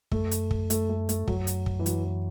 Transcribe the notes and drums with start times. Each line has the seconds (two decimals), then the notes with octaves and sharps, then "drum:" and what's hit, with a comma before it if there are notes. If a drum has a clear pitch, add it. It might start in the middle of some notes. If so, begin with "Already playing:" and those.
0.12 F#2 A3, drum: kick
0.31 drum: hi-hat
0.51 drum: kick
0.70 A3, drum: hi-hat
0.89 A3
1.09 A3, drum: hi-hat
1.28 F#2 F#3, drum: kick
1.47 drum: hi-hat
1.66 drum: kick
1.79 E3
1.86 F#3, drum: hi-hat
2.04 E3